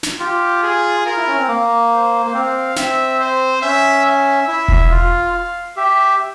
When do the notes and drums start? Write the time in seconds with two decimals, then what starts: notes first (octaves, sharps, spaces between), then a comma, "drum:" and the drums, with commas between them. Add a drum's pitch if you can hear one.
0.03 drum: snare
0.20 F4 G4
0.63 G#4
1.05 F4 A#4
1.16 E4
1.27 C#4
1.37 C4
1.48 A#3
1.91 C5
2.26 A#3
2.34 C4 F5
2.76 C4 E5, drum: snare
3.19 C5
3.62 C#4 E5
4.05 E5
4.48 E4 E5
4.68 drum: kick E1
4.91 F4 F5
5.77 G4 E5